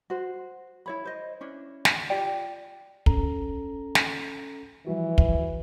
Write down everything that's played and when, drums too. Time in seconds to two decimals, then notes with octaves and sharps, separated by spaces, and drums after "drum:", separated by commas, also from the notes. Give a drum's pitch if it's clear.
0.10 F#4 C5
0.86 E4 C#5 B5
1.05 C5 D#5
1.41 C#4 D4 E4
1.85 drum: snare
2.10 F4 G4 D5 G5
3.06 C#4 A4 A#5, drum: kick
3.95 drum: snare
4.87 E3 F3 G3 F#4
5.18 drum: kick